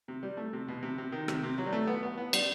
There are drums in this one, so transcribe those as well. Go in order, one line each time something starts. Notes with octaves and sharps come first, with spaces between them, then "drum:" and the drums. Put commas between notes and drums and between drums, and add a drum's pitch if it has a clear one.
C3
G3
A3
C3
B2
C3
C3
D#3
C3, drum: rim click
C3
F#3
G3
A3
B3
B3
B3
G3, drum: cymbal